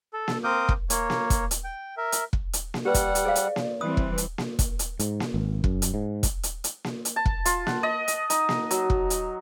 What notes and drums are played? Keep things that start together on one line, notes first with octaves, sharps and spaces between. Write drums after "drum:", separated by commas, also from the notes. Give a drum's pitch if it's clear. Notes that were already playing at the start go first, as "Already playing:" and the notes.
A4
drum: snare A#3
C4 A#4 F5 D6 D#6 G6
drum: kick
A#3 C#5, drum: hi-hat
drum: snare A#3
drum: kick, hi-hat
drum: hi-hat
G5
A#4 E5
drum: hi-hat
drum: kick
drum: hi-hat
drum: snare A#3
G3 G4 B4 D5 F#5
drum: kick, hi-hat
drum: hi-hat
G#4 C5 F5
drum: hi-hat
drum: snare A#3
E3 G3 C4 B4 D#6
drum: kick
drum: hi-hat
drum: snare A#3
drum: kick, hi-hat
drum: hi-hat
G#2, drum: hi-hat
drum: snare A#3
G#1
F#2, drum: kick
drum: hi-hat
G#2
drum: kick, hi-hat
drum: hi-hat
drum: hi-hat
drum: snare A#3
drum: hi-hat
A5
drum: kick
F4, drum: hi-hat
F#5, drum: snare A#3
D#5
drum: hi-hat
D#4, drum: hi-hat
drum: snare A#3
F#3, drum: hi-hat
drum: kick
drum: hi-hat